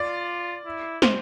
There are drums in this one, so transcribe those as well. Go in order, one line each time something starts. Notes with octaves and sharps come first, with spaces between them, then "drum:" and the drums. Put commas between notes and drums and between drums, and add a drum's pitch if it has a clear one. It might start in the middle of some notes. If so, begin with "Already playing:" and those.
Already playing: F4 D5
E4
C5, drum: snare